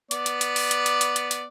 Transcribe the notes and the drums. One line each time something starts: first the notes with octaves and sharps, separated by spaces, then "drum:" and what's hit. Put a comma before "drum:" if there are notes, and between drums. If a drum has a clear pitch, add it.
B3 D5, drum: hi-hat
drum: hi-hat
drum: hi-hat
drum: open hi-hat
drum: hi-hat
drum: hi-hat
drum: hi-hat
drum: hi-hat
drum: hi-hat